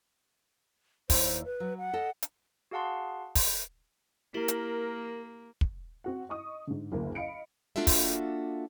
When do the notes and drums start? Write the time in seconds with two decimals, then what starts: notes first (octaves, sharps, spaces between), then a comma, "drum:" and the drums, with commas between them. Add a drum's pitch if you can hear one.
1.10 D#2 E4 C5 D5, drum: kick, open hi-hat
1.45 B4
1.60 F#3
1.78 F#5
1.93 A4 D#5
2.22 drum: hi-hat
2.71 F#4 G#4 F5 F#5 A5 C6
3.35 drum: kick, open hi-hat
4.34 A#3 E4 G4 A#4 F#7
4.48 drum: hi-hat
5.61 drum: kick
6.04 C4 F#4 F#5
6.29 D#5 C#6 D#6
6.67 G#2 D3
6.92 F#1 D2 A#3
7.15 D#5 F5 B5 C#7 D7
7.76 A#3 D4 F4 F#4 A4 E5
7.87 drum: kick, open hi-hat